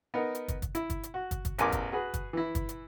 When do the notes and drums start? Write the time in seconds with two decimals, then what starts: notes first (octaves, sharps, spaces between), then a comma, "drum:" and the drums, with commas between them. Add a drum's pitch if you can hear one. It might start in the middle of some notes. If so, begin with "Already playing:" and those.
0.14 B3 D#4 A#4
0.35 drum: hi-hat
0.48 drum: kick, hi-hat
0.62 drum: kick, hi-hat
0.75 E4, drum: hi-hat
0.90 drum: kick, hi-hat
1.03 drum: hi-hat
1.14 F#4
1.31 drum: kick, hi-hat
1.45 drum: kick, hi-hat
1.59 A1 E2 A#4 G#5 C6 D6, drum: hi-hat
1.72 drum: kick, hi-hat
1.92 F#4 G#4 B4
2.14 drum: kick, hi-hat
2.33 E3 E4
2.55 drum: kick, hi-hat
2.69 drum: hi-hat